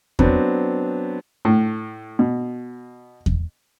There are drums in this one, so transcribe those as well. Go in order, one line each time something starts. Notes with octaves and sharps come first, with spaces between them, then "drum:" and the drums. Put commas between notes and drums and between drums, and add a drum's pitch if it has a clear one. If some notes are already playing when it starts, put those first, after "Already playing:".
F#3 B3 C4 D4, drum: kick E2
A2
B2
drum: kick E2